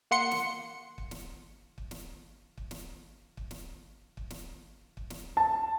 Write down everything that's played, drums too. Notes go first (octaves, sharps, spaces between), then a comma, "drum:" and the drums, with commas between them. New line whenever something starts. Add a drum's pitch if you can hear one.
A#3 F#5 C6 C#7
drum: snare
drum: kick
drum: snare
drum: kick
drum: snare
drum: kick
drum: snare
drum: kick
drum: snare
drum: kick
drum: snare
drum: kick
drum: snare
A5